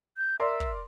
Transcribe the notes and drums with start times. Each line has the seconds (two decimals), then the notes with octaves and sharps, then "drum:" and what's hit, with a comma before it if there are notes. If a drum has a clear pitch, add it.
0.17 G6
0.40 A#4 D5 E5 C6
0.60 drum: kick